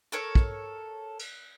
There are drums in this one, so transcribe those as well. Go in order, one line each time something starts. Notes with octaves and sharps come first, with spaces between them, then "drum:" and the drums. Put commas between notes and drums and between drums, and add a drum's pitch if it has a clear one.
A4 A#4 C#5
drum: kick
drum: cymbal